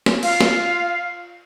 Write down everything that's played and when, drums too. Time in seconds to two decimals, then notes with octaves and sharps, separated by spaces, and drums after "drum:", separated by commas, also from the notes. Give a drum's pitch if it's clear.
0.06 drum: snare
0.23 F4 F5, drum: cymbal
0.41 drum: snare